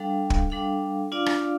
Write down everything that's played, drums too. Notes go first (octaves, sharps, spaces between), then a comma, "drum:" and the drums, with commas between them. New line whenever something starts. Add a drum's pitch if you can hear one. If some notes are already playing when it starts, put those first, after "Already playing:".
Already playing: G3 D4 A4 F5
drum: kick
G3 D4 A4 F5
D4 F4 D5 F5
drum: rim click